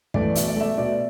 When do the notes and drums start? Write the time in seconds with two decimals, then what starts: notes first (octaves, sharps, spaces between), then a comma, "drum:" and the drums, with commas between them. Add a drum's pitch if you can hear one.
0.14 E3 A3 D5, drum: kick
0.35 B2 E5, drum: hi-hat
0.48 D5
0.57 A3 E5
0.78 B2 D5